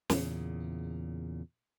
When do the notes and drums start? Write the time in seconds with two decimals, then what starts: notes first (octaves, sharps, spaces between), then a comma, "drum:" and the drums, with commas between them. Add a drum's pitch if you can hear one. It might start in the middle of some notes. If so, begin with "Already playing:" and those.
0.10 E2 A#2 C#3, drum: snare